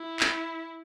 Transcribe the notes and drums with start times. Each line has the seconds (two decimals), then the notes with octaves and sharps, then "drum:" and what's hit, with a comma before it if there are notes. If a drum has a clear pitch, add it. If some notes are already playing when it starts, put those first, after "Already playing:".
Already playing: E4
0.20 drum: clap